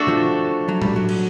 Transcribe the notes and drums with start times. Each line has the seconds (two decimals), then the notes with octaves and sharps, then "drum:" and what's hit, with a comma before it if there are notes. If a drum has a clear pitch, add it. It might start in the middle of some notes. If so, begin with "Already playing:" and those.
Already playing: A3 D4 F#4 A4
0.08 F3
0.68 F#3
0.82 G3, drum: tom A2
0.96 F#3
1.09 drum: cymbal